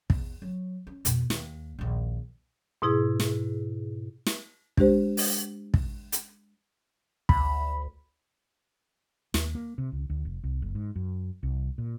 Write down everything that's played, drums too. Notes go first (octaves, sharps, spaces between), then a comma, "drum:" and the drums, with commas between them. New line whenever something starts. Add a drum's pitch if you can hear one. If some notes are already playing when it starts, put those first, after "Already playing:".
E2, drum: kick
F#3
C#4
F2 B2, drum: hi-hat
D#2, drum: snare
A#1 D#2
G#2 B2 E4 G#4
drum: snare
drum: snare
G#3 D4 G4 C5, drum: kick
drum: open hi-hat
drum: kick
drum: hi-hat
D2 B5, drum: kick
D#2, drum: snare
A#3
C3
C#2
D2
F1
C2
F#1
G#2
F#2
C2
A#2